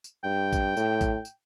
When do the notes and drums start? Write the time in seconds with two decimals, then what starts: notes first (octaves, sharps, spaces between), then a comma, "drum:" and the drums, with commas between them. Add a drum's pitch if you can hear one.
0.04 drum: tambourine
0.24 G2 G5
0.53 drum: kick A1, tambourine
0.77 A2, drum: tambourine
1.01 drum: kick A1, tambourine
1.25 drum: tambourine